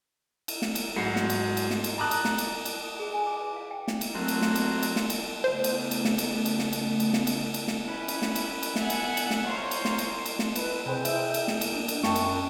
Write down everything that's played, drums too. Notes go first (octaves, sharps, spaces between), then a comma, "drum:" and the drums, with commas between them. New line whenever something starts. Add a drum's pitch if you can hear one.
drum: cymbal
drum: snare
drum: cymbal
G#2 F#3 F#4 C7 C#7
drum: snare
drum: cymbal
drum: cymbal
drum: snare
drum: cymbal
A5 A#5 D6 D#6 F#6
drum: cymbal
drum: snare
drum: cymbal
drum: cymbal
D#6
G#4
G#5
D6
B4
F5
G5
drum: snare
drum: cymbal
F#3 A3 A#3 C4
drum: cymbal
drum: snare
drum: cymbal
drum: cymbal
drum: snare
drum: cymbal
C#3 A3 B3 C5
drum: cymbal
drum: cymbal
drum: snare
drum: cymbal
drum: cymbal
drum: snare
drum: cymbal
drum: cymbal
drum: snare
drum: cymbal
drum: cymbal
drum: snare
C#4 E4 B4
drum: cymbal
drum: snare
drum: cymbal
drum: cymbal
B3 E5 F#5 G#5, drum: snare
drum: cymbal
drum: cymbal
drum: snare
C5 C#5 F5 A#5 C6
drum: cymbal
drum: snare
drum: cymbal
drum: cymbal
drum: snare
B4, drum: cymbal
C3 G#4 C5 G5
E5, drum: cymbal
drum: cymbal
drum: snare
drum: cymbal
A#3 D4
drum: cymbal
F#2 G5 A5 C#6, drum: snare
drum: cymbal